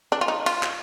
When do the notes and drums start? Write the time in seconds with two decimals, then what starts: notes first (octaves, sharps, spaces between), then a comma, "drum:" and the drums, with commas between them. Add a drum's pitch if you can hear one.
0.12 D4
0.21 F4
0.28 D#4
0.46 F4, drum: cymbal
0.63 drum: clap